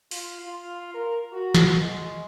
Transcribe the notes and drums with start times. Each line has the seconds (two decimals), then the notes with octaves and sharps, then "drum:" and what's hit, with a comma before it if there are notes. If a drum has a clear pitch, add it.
0.11 F4, drum: open hi-hat
0.42 F4
0.94 A#4
1.32 F#4
1.55 drum: snare
1.80 G#3